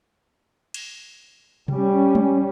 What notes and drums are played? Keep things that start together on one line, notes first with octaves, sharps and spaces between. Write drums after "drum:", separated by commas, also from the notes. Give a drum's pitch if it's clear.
drum: cymbal
G3 C#4, drum: tom C3
drum: tom G#3